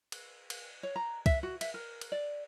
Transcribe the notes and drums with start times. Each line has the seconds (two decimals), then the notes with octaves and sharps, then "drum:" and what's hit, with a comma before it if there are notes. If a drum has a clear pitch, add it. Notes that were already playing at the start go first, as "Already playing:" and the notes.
0.12 drum: cymbal
0.50 drum: cymbal
0.83 C#5
0.96 A#5
1.26 E5, drum: kick, cymbal
1.43 F#4
1.61 E5, drum: cymbal
1.74 A#4
2.01 drum: cymbal
2.12 D5